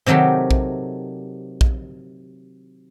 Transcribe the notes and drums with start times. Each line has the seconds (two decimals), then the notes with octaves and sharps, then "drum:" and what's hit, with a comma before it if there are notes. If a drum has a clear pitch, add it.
0.06 C3 D#3 F#3 A3 G4
0.51 drum: kick A#1
1.61 drum: kick A#1